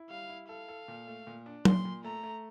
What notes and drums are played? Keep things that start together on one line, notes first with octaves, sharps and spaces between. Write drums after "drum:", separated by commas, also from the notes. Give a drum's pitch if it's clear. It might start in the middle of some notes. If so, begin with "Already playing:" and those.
Already playing: E4
G3 F5
E4
A4 F5
A4
A#2
A3
A#2
D4
A#2 C6, drum: tom F#3
A#2
A3 A#5
A3